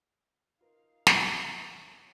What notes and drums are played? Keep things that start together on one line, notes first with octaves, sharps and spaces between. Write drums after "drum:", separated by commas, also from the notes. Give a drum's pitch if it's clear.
D#4 F4 A#4 F5
drum: snare
A3
C#4